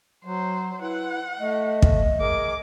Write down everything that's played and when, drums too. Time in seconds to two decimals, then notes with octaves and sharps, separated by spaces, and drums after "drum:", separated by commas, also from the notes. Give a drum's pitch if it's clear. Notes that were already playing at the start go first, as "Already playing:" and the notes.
0.25 F#3 C5
0.82 E4 B4 F#5
1.40 A3 D#5
1.82 drum: kick
2.20 G#4 A#4 D6